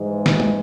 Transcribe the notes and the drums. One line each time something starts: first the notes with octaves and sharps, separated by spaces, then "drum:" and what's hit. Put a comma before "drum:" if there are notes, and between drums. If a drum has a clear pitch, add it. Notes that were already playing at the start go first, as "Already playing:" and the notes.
Already playing: G#2 E3 G#3
drum: snare
drum: tom